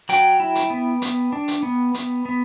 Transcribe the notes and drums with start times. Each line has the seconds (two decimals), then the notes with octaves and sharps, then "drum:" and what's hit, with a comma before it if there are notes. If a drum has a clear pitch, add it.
0.09 F#3 G5, drum: hi-hat
0.40 E4
0.55 drum: hi-hat
0.70 B3
1.02 B3, drum: hi-hat
1.32 D4
1.48 drum: hi-hat
1.63 B3
1.94 B3, drum: hi-hat
2.25 B3